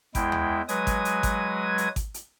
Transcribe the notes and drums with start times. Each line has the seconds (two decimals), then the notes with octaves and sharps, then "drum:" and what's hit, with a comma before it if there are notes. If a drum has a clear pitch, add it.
0.15 E2 G#3 E4 G5, drum: kick G#1, hi-hat
0.32 drum: tom D2
0.69 F#3 G#3 B4 G#5 D#6 G#6, drum: hi-hat
0.87 drum: kick G#1, hi-hat
1.05 drum: hi-hat
1.23 drum: kick G#1, hi-hat
1.78 drum: hi-hat
1.96 drum: kick G#1, hi-hat
2.14 drum: hi-hat